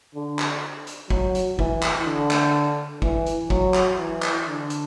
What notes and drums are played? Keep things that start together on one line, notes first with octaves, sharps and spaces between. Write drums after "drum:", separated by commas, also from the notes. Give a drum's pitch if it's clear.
D3
drum: clap
drum: hi-hat
F#3, drum: kick
drum: hi-hat
E3, drum: kick
drum: clap
D3
drum: clap
E3, drum: kick
drum: hi-hat
F#3, drum: kick
drum: clap
E3
drum: clap
D3
drum: hi-hat